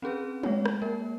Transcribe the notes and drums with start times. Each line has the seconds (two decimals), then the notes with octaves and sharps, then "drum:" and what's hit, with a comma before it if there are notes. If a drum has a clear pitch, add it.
0.02 C4 C#4 G#4 B4
0.43 G#3 C#5, drum: tom
0.66 drum: rim click
0.82 A#3 A#4